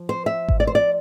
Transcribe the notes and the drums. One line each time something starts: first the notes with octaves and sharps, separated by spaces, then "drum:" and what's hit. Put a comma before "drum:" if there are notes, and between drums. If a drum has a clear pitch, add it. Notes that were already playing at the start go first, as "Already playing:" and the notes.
Already playing: F3
C5
E5
drum: kick G#1
D5
C5
D5